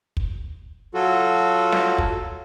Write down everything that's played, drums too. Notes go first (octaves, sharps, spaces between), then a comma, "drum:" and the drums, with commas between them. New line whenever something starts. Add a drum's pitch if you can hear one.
drum: kick
F#3 F4 F#4 A4
drum: snare
drum: kick